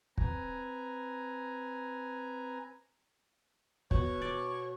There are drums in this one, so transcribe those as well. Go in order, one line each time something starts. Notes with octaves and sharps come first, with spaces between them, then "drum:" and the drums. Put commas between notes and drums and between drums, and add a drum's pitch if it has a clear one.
C4 B4 G#5 A#5, drum: kick
B2 C#5, drum: kick
D5